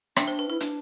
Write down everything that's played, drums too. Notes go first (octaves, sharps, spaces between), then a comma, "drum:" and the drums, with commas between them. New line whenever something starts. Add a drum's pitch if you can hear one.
D4 E5 G5, drum: rim click
C5
B4
E4 B4
D4, drum: hi-hat